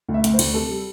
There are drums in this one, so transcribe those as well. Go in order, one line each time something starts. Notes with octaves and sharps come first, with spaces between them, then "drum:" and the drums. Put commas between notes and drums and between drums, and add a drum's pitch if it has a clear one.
D2
E5
D2, drum: hi-hat
C5
D2, drum: cymbal
C3 A4
G3